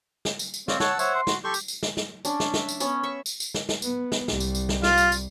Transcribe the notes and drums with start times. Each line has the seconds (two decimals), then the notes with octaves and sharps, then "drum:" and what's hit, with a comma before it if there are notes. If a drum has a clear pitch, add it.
0.25 drum: snare
0.39 drum: tambourine
0.54 drum: tambourine
0.68 C4 C#5 D5 F5, drum: snare
0.80 C#5 F#5 A5 E6, drum: snare
0.99 C5 C#5 E5 F#5, drum: tambourine
1.15 C6
1.27 F#4, drum: snare
1.44 G4 A4 C6 C#6
1.54 drum: tambourine
1.68 drum: tambourine
1.83 drum: snare
1.97 drum: snare
2.25 C#4 D4, drum: tambourine
2.40 drum: snare
2.54 E5, drum: snare
2.69 drum: tambourine
2.80 B3 C#4, drum: tambourine
3.03 E5 C#6
3.26 drum: tambourine
3.40 drum: tambourine
3.54 drum: snare
3.69 drum: snare
3.82 B3, drum: tambourine
4.12 drum: snare
4.28 C2 G3, drum: snare
4.40 drum: tambourine
4.55 drum: tambourine
4.69 drum: snare
4.83 F4 F5, drum: snare
4.98 drum: tambourine
5.12 drum: tambourine